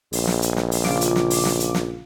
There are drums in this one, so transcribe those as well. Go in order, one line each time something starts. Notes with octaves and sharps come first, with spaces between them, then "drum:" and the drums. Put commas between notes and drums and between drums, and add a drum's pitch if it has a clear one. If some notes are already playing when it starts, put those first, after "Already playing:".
A#1, drum: open hi-hat
drum: snare
drum: hi-hat
drum: snare
drum: open hi-hat
C#3 F4 D6, drum: snare
drum: hi-hat
drum: snare
drum: open hi-hat
drum: snare
drum: hi-hat
drum: snare